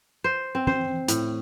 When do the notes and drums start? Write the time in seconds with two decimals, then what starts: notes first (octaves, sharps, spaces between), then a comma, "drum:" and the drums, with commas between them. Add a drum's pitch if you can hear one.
0.24 C5
0.55 C4
0.67 C5, drum: tom
1.08 A2, drum: hi-hat